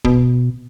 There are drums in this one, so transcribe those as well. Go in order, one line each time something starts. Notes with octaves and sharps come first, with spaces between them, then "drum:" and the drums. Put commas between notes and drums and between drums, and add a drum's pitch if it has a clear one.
B2, drum: kick